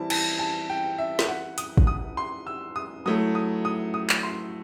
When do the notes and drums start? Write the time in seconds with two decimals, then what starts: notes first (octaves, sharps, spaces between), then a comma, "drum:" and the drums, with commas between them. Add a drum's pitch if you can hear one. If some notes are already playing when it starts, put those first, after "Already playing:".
Already playing: E3 G3 C4 E4 A5
0.10 A5, drum: cymbal
0.39 A5
0.70 G5
0.98 E5
1.19 drum: snare
1.28 F#5
1.58 D#6, drum: hi-hat
1.77 drum: kick
1.87 D#6
2.17 C6
2.47 E6
2.76 D#6
3.06 F#3 A3 E4 D#6
3.35 D#6
3.65 D#6
3.94 D#6
4.09 drum: clap
4.23 C6